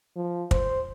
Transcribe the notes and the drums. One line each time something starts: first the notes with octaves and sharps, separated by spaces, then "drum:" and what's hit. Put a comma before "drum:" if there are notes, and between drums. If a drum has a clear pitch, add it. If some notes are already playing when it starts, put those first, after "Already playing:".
F3
C5, drum: kick